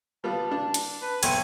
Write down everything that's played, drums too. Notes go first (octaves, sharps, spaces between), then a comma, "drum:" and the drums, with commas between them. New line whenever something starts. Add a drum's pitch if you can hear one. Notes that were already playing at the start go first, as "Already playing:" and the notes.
G3 B3 F4 A5
D4
drum: hi-hat
B4 A5
B1 C#5 G5 G#5, drum: hi-hat